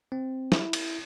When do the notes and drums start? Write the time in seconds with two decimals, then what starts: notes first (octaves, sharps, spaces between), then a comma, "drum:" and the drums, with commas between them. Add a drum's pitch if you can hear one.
0.12 C4
0.52 E4, drum: snare
0.73 drum: cymbal